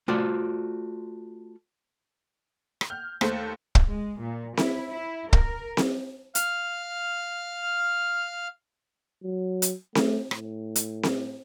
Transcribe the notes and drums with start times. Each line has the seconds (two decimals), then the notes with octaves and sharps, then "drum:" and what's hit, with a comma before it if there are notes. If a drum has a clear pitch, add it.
0.08 A3 F4 F#4 C5 D5
2.81 drum: rim click
2.90 F6 G6
3.21 D#2 A3 A4 C5, drum: rim click
3.75 drum: kick
3.88 G#3
4.21 A#2
4.57 E4, drum: snare C4
4.91 E4
5.33 A#4, drum: kick
5.77 drum: snare C4
6.35 F5 F6, drum: hi-hat
9.24 F#3
9.62 drum: hi-hat
9.95 A3, drum: snare C4
10.31 A2, drum: rim click
10.76 drum: hi-hat
11.03 drum: snare C4